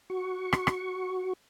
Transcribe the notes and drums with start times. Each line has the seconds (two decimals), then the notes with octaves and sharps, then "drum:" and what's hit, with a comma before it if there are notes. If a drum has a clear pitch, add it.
0.10 F#4 C#6
0.53 drum: rim click
0.67 drum: rim click